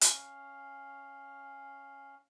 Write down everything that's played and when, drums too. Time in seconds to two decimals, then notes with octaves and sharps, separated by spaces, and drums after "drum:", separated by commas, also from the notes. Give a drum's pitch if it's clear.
0.01 C#4 F5, drum: hi-hat